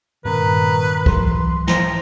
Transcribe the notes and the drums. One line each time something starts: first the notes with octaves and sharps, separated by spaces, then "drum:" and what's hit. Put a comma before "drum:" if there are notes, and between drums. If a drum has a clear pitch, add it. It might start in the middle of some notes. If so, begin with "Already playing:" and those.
G2 A#2 D#3 C#4 B4 A#5
E3 F#3 C6, drum: kick
F3 A#5, drum: snare